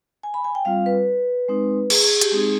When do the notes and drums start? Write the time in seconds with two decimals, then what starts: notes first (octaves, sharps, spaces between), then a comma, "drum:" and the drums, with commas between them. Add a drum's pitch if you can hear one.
0.23 G#5
0.34 B5
0.44 G#5
0.55 G5
0.65 G3 C4 F4 F5
0.86 B4
1.48 G#3 C4 D#4
1.90 G#4, drum: cymbal
2.01 G#4
2.11 G#4
2.21 G4, drum: hi-hat
2.32 G#3 C4 D#4 G#4